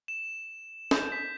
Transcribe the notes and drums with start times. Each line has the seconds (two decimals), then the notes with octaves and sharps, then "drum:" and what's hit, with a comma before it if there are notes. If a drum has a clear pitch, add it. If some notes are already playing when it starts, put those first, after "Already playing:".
0.08 E7
0.91 G6, drum: snare
1.12 B6